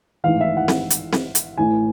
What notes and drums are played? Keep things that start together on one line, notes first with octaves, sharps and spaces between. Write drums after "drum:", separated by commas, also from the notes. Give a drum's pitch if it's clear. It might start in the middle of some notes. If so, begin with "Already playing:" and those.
A1 G#2 E3 F5
E5
F#5
drum: snare C4
drum: hi-hat
drum: snare C4
drum: hi-hat
A1 A2 E3 G#5